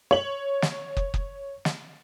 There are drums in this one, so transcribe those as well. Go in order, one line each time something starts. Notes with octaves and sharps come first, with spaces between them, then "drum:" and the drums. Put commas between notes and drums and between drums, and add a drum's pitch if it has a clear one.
C#5 F#7
drum: snare
drum: kick
drum: kick
drum: snare